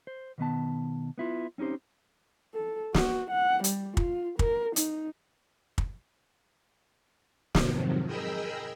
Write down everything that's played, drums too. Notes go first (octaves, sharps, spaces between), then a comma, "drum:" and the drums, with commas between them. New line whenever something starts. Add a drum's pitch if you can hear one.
C5
B2 D#3 B3 A5
B3 E4 F4
C4 C#4 D#4 G4 C5
A4
F#4, drum: snare
F#5
G3, drum: hi-hat
F4, drum: kick
A#4, drum: kick
D#4, drum: hi-hat
drum: kick
F2 G#2 C3 D#3 F3 F#3, drum: snare
G#4 A#4 D#5 G5 B5 E6